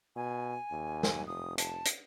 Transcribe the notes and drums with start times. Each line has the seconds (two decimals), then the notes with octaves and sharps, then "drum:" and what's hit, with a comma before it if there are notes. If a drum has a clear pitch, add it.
0.16 B2 G#5
0.71 D#2
1.03 drum: snare
1.27 F1 D#6
1.58 A5, drum: hi-hat
1.85 drum: hi-hat